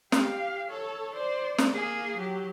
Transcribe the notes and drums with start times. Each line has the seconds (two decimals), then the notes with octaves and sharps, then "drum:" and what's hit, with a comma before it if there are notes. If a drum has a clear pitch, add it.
0.12 G4 F5, drum: snare
0.69 A4 C#5
1.14 C5 D5
1.58 drum: snare
1.73 A#3 G#4
2.16 F#3 G4